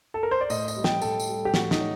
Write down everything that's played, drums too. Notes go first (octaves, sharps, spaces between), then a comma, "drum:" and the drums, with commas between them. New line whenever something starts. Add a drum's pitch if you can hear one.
A4
A#4
C5
D5
A2 D#5, drum: tambourine
D#5, drum: tambourine
G3
G5, drum: snare
A2 A4, drum: tambourine
drum: tambourine
G3
G4
A2 F#4, drum: snare
D#4, drum: snare
F#3